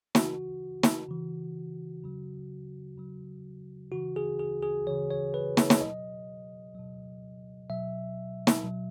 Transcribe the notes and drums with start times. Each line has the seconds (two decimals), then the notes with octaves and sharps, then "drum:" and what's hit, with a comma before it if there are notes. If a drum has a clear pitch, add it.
0.15 C#3 E3 F#4, drum: snare
0.83 drum: snare
1.09 C#3 E3
2.04 C#3 F#3
2.98 C#3 F#3
3.92 C#3 E3 F#4
4.16 G#4
4.40 G#4
4.63 G#4
4.87 C#3 E3 C#5
5.11 C#5
5.34 B4
5.57 C#5, drum: snare
5.70 C#5, drum: snare
5.81 B2 F#3 D#5
6.75 B2 F#3
7.69 B2 F#3 E5
8.47 drum: snare
8.64 B2 F#3